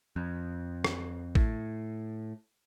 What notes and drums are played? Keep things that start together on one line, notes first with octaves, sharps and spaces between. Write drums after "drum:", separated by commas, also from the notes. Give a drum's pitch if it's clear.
F2
drum: rim click
A2, drum: kick